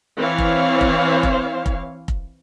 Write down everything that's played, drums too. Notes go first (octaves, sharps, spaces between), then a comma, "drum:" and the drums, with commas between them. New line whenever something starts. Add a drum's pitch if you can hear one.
E3 C4 C#5 F5
drum: kick F1
drum: kick F1
drum: kick F1
drum: kick F1
drum: kick F1